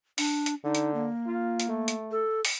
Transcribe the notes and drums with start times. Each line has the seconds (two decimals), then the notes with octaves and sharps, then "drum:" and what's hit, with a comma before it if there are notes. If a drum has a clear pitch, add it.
0.18 D4, drum: open hi-hat
0.46 drum: hi-hat
0.64 D3 D#4
0.75 drum: hi-hat
0.94 A#3
1.27 F4
1.60 drum: hi-hat
1.69 A3
1.88 drum: hi-hat
2.11 A4
2.45 drum: open hi-hat